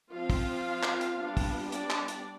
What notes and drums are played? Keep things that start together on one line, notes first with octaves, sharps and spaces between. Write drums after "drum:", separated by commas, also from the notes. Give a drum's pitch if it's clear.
F3 C4 F4 F5
drum: kick, open hi-hat
drum: clap
drum: hi-hat
G3 B3 D4
drum: kick, open hi-hat
D4 D5, drum: hi-hat
drum: clap
drum: hi-hat